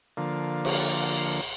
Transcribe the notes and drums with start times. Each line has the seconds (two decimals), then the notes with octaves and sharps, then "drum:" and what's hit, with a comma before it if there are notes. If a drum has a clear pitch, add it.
0.17 D3 F3 A#3
0.65 drum: cymbal